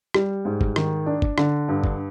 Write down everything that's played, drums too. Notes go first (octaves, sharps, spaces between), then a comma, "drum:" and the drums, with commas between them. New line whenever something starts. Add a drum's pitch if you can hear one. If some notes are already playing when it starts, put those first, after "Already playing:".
G3, drum: rim click
G#2
drum: kick
D#3, drum: rim click
D4
drum: kick
D3, drum: rim click
G2
drum: kick